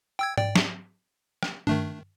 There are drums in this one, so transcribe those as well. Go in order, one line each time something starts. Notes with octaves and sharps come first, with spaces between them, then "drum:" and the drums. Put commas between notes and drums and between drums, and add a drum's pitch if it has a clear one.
G5 E6 G#6
D5 G5, drum: tom G#2
drum: snare
drum: rim click
D#3 A3 D4, drum: tom G2